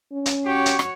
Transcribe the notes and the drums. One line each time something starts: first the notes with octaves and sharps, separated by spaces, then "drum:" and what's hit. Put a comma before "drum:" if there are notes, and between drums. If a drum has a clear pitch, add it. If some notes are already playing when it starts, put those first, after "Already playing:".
C#4
drum: hi-hat
F#4 G4 C#5
drum: hi-hat
drum: rim click